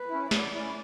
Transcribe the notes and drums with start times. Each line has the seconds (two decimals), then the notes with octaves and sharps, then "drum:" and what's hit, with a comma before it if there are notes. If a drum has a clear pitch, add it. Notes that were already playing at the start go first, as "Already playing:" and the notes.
Already playing: B4
0.09 C#4 E4
0.31 F#3 D5, drum: snare
0.54 C#4 E4